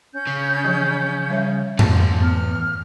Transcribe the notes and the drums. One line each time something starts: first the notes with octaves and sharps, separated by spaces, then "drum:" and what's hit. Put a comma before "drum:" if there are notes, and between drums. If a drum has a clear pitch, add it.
C#4 G6
C#3
E3 F3
G3 C#5 E5
E3 A3 A5, drum: tom F2
B3 F6